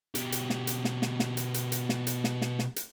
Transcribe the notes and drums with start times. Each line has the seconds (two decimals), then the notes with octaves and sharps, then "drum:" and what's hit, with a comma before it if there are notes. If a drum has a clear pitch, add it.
0.15 B2 G4, drum: hi-hat
0.32 drum: hi-hat
0.50 drum: snare
0.67 drum: hi-hat
0.85 drum: snare
1.02 drum: snare
1.19 drum: snare
1.37 drum: hi-hat
1.54 drum: hi-hat
1.72 drum: hi-hat
1.89 drum: snare
2.07 drum: hi-hat
2.24 drum: snare
2.42 drum: snare
2.59 drum: snare
2.76 drum: hi-hat